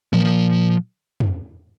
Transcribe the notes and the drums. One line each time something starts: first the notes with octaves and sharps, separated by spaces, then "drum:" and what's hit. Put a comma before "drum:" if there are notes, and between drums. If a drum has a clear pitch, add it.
A#2 F3, drum: tom
drum: tom